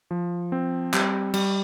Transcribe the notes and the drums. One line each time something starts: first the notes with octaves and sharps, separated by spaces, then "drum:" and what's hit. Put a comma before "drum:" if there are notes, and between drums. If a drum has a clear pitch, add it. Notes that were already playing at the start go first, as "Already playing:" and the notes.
F3
C4
G3, drum: clap
G3, drum: cymbal